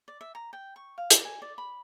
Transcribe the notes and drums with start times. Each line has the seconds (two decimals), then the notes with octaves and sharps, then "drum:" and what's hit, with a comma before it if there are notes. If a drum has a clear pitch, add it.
0.08 D5
0.21 E5
0.35 A#5
0.53 G5
0.76 C#6
0.98 F5
1.10 D5, drum: hi-hat
1.25 G#5
1.42 D5
1.58 B5